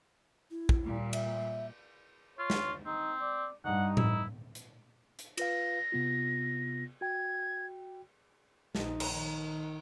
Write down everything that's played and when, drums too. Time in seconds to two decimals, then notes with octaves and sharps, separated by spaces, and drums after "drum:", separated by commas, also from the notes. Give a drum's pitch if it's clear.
0.51 E4
0.69 drum: kick
0.83 A#2 G3
1.13 E5, drum: cymbal
2.39 F4 C#5
2.50 drum: snare
2.86 C4 D#4
3.21 D5
3.65 G2 D#4 F#5
3.97 E4, drum: tom A2
4.55 drum: hi-hat
5.19 drum: hi-hat
5.38 F4 B4 F5 A#6, drum: cymbal
5.92 C3 B3 F4
7.01 F#4 G5 G#6
8.75 A#1 D#4, drum: snare
9.00 drum: cymbal
9.11 D#3